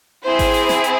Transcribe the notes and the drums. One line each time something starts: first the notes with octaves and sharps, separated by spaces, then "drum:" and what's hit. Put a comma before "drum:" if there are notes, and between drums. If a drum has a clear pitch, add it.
C4 E4 G#4 C5
drum: kick G#1, open hi-hat
drum: open hi-hat
drum: snare
drum: hi-hat